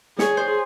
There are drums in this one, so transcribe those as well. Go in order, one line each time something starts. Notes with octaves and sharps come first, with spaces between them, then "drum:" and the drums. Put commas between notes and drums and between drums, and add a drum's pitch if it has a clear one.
G#4 C#5, drum: snare
C5